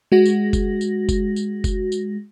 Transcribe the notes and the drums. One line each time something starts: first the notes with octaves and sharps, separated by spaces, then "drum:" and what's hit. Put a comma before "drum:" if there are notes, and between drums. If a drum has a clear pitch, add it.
G#3 F#4 A#6
drum: tambourine
drum: kick F#1, tambourine
drum: tambourine
drum: kick F#1, tambourine
drum: tambourine
drum: kick F#1, tambourine
drum: tambourine